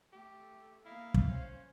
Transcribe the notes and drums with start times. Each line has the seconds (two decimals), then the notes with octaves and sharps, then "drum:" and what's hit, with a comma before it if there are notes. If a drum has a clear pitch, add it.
0.13 A3 G4
0.85 A#3 E4 D#5 F5
1.14 drum: kick
1.28 C#4 C5